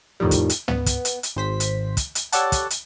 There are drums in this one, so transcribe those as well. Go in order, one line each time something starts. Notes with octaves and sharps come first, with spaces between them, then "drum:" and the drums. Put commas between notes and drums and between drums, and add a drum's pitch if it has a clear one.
F2 A2 D#3 F3 G3
drum: kick, hi-hat
drum: hi-hat
B3, drum: tom
drum: kick, hi-hat
drum: hi-hat
drum: hi-hat
G#1 C5 B6
drum: hi-hat
drum: kick, hi-hat
drum: hi-hat
G4 A4 C#5 D5 F#5 A5, drum: hi-hat
drum: kick, hi-hat
drum: hi-hat